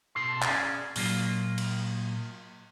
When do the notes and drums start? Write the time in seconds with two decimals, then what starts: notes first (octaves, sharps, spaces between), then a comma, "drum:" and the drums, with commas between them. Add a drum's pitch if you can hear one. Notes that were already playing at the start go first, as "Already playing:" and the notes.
0.15 B2 A4 C6
0.42 C#4 G#4 D5, drum: clap
0.96 A#2 F#3 A#3 F4, drum: open hi-hat
1.58 drum: cymbal